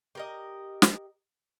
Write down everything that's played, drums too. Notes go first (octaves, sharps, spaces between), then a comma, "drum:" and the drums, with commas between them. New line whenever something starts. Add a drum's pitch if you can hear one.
G4 A#4 D#5
drum: snare